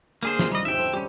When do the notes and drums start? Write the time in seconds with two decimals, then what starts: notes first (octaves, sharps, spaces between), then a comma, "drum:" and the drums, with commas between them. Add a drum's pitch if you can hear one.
0.23 D3 A#3 G#4 C5 G5
0.39 C3 D#4 F4, drum: snare
0.52 G3 D#5
0.65 G#2 C#4 G4 E5 G5
0.78 A3 C4
0.94 G3 C#4 G4